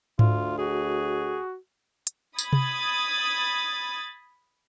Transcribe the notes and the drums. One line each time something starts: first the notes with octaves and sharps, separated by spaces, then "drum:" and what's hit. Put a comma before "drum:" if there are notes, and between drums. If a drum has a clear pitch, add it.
D2 F4, drum: tom G#2
F#4 G#4
drum: hi-hat
B5 D#6 G#6 A6, drum: tambourine
drum: tom C3